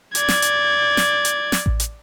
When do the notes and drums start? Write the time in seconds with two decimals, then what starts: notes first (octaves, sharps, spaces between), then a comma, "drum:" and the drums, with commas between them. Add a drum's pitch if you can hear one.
0.15 D5 G#6, drum: hi-hat
0.28 drum: snare
0.42 drum: hi-hat
0.97 drum: snare
1.25 drum: hi-hat
1.52 drum: snare
1.66 drum: kick A1
1.80 drum: hi-hat